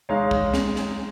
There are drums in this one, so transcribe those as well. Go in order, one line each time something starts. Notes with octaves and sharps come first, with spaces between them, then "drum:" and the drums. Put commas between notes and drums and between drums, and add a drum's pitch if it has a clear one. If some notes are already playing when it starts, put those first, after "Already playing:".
G#3 D#4 C#5 F5
drum: kick
drum: snare
drum: snare